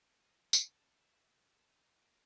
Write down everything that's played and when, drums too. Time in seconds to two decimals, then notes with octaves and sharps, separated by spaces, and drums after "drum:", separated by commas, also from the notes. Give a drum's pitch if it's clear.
0.01 A2
0.20 D#5
0.36 F3
0.53 D#2, drum: tambourine
0.65 A4
0.96 E5
1.33 F3
1.53 A5
1.69 D#4
2.03 A#3